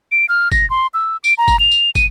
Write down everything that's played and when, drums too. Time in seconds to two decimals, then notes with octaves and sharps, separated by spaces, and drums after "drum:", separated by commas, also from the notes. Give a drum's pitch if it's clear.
0.12 D7
0.29 F6
0.52 A#6, drum: kick, tambourine
0.70 C6
0.94 E6
1.24 D7, drum: tambourine
1.38 A#5
1.48 drum: kick, tambourine
1.60 F7
1.71 drum: tambourine
1.95 D#7, drum: kick, tambourine